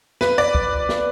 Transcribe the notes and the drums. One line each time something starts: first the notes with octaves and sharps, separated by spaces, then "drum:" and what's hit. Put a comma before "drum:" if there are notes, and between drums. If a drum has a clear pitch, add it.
B4, drum: snare
D5
drum: kick
drum: snare